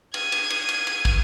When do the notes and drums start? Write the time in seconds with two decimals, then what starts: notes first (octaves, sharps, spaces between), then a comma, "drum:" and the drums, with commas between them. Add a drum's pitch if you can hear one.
0.14 G#6 D#7, drum: cymbal
0.32 drum: cymbal
0.50 drum: cymbal
0.69 drum: cymbal
0.87 drum: cymbal
1.05 drum: kick, cymbal